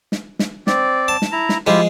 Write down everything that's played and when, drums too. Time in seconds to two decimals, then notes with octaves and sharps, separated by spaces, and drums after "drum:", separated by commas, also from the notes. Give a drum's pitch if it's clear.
0.12 drum: snare
0.39 drum: snare
0.67 C4 D5, drum: snare
1.08 A5
1.22 drum: snare
1.32 E4 A#5
1.49 drum: snare
1.67 F3 G#3 E4 F4 G4